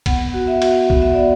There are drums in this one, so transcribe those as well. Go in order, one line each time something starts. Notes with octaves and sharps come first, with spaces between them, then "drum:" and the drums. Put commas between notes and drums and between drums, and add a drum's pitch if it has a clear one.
B3 F#5, drum: kick B1, cymbal
F#4
E5
F#4, drum: cymbal
B3 F#5, drum: kick B1
E5
B3 D5